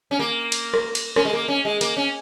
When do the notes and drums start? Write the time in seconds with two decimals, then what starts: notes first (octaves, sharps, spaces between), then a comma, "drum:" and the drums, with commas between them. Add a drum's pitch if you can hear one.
0.11 C#4
0.19 A#3
0.52 drum: cymbal
0.74 drum: rim click
0.95 drum: cymbal
1.16 C#4, drum: rim click
1.25 G#3
1.33 A#3
1.48 C#4
1.65 G#3
1.81 A#3, drum: cymbal
1.97 C#4